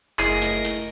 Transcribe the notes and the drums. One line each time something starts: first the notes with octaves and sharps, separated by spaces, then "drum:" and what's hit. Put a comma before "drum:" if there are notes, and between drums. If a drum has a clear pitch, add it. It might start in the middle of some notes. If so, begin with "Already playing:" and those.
F#1 A3 E4 G#4 A#4 D#5, drum: clap
drum: hi-hat
drum: hi-hat